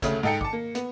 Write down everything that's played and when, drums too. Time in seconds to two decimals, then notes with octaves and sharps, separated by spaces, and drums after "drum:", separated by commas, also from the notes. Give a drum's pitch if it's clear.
0.02 D2 C#3 A3, drum: kick, hi-hat
0.23 G#2 D#4 A4 G5 C#7
0.41 A5 D6, drum: kick
0.53 A#3
0.75 B3, drum: hi-hat